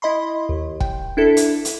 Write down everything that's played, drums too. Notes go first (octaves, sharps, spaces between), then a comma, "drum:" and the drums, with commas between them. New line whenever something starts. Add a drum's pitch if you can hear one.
E4 D#5 B5 C6
D#2
G5, drum: kick
D4 E4 A4
drum: hi-hat
drum: hi-hat